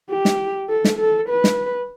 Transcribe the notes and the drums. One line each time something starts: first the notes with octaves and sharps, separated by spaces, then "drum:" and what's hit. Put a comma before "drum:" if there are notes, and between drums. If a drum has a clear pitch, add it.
G4
drum: snare
A4
drum: snare
A4
B4
drum: snare